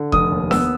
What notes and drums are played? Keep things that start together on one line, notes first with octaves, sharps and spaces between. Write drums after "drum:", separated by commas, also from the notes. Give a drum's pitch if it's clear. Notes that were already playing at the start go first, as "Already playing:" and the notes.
Already playing: D3
F1 D#6, drum: kick E1
D#2
B3 E6, drum: snare D4